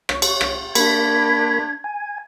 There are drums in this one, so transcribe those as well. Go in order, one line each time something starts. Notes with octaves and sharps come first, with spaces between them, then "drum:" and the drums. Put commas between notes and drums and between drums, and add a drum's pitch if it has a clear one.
C#5, drum: rim click
drum: cymbal
drum: rim click
A#3 D4 B5 G#6, drum: cymbal
G#5